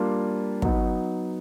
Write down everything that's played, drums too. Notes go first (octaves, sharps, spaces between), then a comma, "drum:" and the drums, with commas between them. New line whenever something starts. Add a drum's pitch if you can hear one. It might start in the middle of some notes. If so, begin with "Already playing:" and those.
Already playing: G3 A#3 D4 F4
F#3 B3 D#4, drum: kick